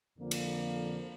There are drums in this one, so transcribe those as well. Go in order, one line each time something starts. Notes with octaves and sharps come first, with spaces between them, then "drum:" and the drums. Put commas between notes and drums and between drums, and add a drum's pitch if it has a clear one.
F2 D3 F3 A#3
drum: cymbal